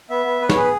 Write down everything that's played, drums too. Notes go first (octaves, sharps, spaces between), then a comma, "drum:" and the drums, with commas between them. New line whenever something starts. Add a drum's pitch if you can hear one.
B3 E5
B3
B3 B4
C#5, drum: snare
G#4 B4